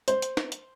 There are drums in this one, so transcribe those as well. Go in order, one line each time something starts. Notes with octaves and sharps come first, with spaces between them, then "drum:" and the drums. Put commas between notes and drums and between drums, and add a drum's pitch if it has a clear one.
C5, drum: hi-hat
drum: hi-hat
drum: snare
drum: hi-hat